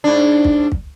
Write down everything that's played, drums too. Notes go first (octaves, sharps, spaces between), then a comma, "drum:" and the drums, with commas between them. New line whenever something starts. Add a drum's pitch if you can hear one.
G#2 D4
drum: kick
drum: kick